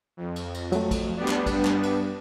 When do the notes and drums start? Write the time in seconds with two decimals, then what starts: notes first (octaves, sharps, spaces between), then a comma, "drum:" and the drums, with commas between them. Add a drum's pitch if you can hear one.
0.17 F2
0.36 drum: cymbal
0.54 drum: cymbal
0.72 F#3 A3, drum: cymbal
0.91 drum: kick, cymbal
1.17 G3 B3 D4
1.28 drum: clap
1.46 G2, drum: kick, cymbal
1.65 drum: clap
1.83 drum: cymbal